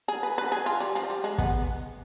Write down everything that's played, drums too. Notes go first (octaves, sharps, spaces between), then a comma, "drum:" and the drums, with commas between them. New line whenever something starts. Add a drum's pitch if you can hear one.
G#4
B4
B4
G#4
F4
G3
F3
G3
G#3
B3, drum: kick